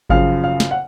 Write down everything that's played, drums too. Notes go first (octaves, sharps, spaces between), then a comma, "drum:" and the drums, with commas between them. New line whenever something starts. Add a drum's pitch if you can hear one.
F#2 C#3 F3 F5, drum: kick G#1
F5
drum: snare
F#5